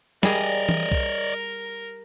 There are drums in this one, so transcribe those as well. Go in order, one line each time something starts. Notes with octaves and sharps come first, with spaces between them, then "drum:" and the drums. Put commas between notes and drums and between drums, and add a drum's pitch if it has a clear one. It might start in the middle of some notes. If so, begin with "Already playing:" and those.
G3 G#4 A#4 D5 D#5, drum: snare
drum: tom E3
drum: kick B1